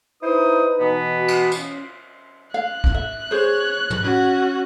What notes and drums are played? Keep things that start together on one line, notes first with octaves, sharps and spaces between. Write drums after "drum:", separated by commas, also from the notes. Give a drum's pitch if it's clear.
D#4 E4 B4 C5 D#6
B2 E3 B3
F#4
drum: cymbal
C#4 F4, drum: tambourine
F5 F#6
drum: kick
E5
G#4 C5 C#5
drum: tom
C#4 F#4